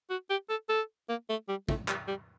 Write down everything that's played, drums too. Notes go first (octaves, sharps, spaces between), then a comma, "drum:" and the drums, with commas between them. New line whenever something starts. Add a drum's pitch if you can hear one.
F#4
G4
A4
A4
A#3
A3
G3
A3, drum: kick
G3, drum: clap
G3